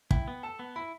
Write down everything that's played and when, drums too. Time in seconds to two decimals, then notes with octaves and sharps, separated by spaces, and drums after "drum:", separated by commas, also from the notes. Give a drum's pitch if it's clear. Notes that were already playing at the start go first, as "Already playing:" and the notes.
0.11 E4 G5, drum: kick
0.28 B3
0.43 A4 A5
0.59 B3
0.76 E4 B5